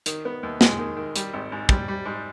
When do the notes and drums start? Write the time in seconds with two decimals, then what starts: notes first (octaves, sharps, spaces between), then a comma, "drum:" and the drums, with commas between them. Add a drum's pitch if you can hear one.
0.06 D#3, drum: hi-hat
0.25 B3
0.43 D#2
0.61 G#3, drum: snare
0.79 D#3
0.97 D#3
1.16 G3, drum: hi-hat
1.33 G#1
1.52 G#2
1.69 G3, drum: kick
1.88 G3
2.06 G#2